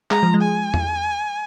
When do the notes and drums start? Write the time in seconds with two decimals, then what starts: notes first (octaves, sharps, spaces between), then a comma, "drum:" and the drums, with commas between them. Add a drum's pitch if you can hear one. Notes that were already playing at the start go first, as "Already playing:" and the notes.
0.11 G#3 A#5, drum: clap
0.23 F3
0.34 G#3
0.42 G#5
0.74 drum: tom E2